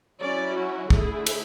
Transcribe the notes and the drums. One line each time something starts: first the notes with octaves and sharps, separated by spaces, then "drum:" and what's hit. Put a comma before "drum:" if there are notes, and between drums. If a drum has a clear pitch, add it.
F#3 C#4 E4 D5
F#4
D3 A3 E4 G#4, drum: kick
drum: cymbal